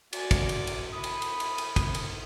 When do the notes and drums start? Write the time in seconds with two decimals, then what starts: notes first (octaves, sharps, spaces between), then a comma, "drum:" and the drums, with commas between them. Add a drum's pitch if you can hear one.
0.13 F#4 D5 G#5, drum: cymbal
0.31 drum: kick, cymbal
0.49 drum: cymbal
0.67 drum: cymbal
0.93 B5 D#6
1.04 drum: cymbal
1.22 drum: cymbal
1.40 drum: cymbal
1.58 drum: cymbal
1.76 drum: kick, cymbal
1.94 drum: cymbal